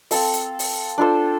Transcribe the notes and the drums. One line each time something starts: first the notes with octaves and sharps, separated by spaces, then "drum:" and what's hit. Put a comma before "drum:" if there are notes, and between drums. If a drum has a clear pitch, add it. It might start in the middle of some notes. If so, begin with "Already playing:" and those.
C4 A4 F5, drum: open hi-hat
drum: hi-hat
drum: open hi-hat
D4 F4 A4 C5